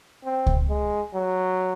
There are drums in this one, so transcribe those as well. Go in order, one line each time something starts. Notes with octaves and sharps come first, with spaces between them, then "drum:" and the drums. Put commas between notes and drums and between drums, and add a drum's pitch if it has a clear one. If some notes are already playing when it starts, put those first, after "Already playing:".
C4
drum: kick C#2
G#3
F#3